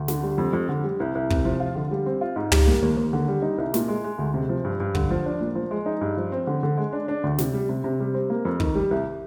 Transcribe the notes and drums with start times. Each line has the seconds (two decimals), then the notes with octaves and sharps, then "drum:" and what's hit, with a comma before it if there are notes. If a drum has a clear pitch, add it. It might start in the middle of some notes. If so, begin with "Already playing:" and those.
Already playing: D2
0.08 D3, drum: snare
0.23 G3
0.38 F2
0.53 F2
0.69 D3
0.84 G3
1.00 C2
1.15 C2
1.30 C3, drum: kick
1.45 F3
1.60 F4
1.75 D3
1.91 G3
2.06 C4
2.21 F4
2.36 G#2
2.52 G3, drum: tom
2.67 A#3
2.82 D#2
2.97 D#2
3.13 D3
3.28 G3
3.42 D#4
3.58 C2
3.74 A#2, drum: snare
3.88 G#3
4.04 G#3
4.19 D2
4.34 C3
4.49 F3
4.65 G2
4.80 G2
4.95 D3, drum: kick
5.10 F3
5.26 D4
5.41 A#2
5.55 F3
5.71 G#3
5.86 D#4
6.01 G2
6.17 F3
6.32 C4
6.47 D3
6.63 D3
6.77 G#3
6.93 D4
7.08 D4
7.24 D2
7.38 C3, drum: snare
7.53 G3
7.69 C3
7.84 C3
8.00 G3
8.14 C4
8.30 A#3
8.45 F2
8.60 D#3, drum: kick
8.75 G3
8.91 C2